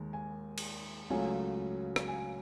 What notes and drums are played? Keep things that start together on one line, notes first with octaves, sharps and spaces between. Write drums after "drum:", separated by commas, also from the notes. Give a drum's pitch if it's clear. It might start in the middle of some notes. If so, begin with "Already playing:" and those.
Already playing: D#2 D#3 G#3
G#5
drum: cymbal
C#2 C#3 F#3 A3 G#5
drum: rim click
G#5